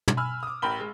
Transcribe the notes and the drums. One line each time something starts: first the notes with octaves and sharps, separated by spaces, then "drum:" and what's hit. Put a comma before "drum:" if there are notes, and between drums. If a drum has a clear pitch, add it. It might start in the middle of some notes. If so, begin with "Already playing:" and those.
drum: tom
G#5 B5 E6 F6
D6 D#6
A1 A#4 G5 B5 G7
G#3